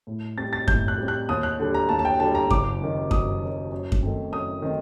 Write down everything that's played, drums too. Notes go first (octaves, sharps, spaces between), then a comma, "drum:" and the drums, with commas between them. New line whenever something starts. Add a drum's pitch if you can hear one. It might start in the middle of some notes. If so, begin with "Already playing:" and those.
A2
G3 C4 A6
A6
A2 G6, drum: kick F#2
F#6
G3 C4
F#6
D#2 D#6
F#6
D3 G3
A#5
D#2 A5
A5
G5
D3 G3 A5
A#5
F#1 D6, drum: kick F#2
F#2 D#3
F#1 D#6, drum: kick F#2
F#2 D#3
F#2
drum: kick F#2
D#3 A3 C4
F#2 D#6
D#3 A3 C4